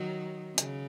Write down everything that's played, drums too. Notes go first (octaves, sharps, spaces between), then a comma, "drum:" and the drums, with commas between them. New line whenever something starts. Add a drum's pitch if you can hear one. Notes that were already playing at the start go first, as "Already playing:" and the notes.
Already playing: D#3 F#3
C#3, drum: hi-hat